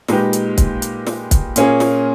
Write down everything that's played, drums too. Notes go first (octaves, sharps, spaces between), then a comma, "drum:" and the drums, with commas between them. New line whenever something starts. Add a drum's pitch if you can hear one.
A#2 G#3 D#4 G4 B4, drum: snare
drum: hi-hat
drum: kick, hi-hat
drum: hi-hat
drum: snare
drum: kick, hi-hat
A#2 A#3 C#4 G#4, drum: hi-hat
drum: snare